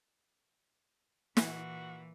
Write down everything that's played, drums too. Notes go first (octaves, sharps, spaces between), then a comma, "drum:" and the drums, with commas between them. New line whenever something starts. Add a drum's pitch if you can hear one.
A#2 E3 F#4, drum: snare